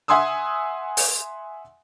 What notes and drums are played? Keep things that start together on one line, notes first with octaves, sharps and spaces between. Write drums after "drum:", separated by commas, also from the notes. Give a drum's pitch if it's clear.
E5 F#5 G#5 C6 D#6 E6
drum: open hi-hat